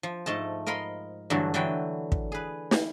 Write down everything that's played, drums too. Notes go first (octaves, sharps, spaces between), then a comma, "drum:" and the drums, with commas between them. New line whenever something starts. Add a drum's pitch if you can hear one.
F3
G#2 A3 D#5 A5
A#4 D#5 F5 B5 C6
G2 D3 E3 F#3 A3
D3 E3 F#3 B4 G5
drum: kick
G#4 B4
drum: snare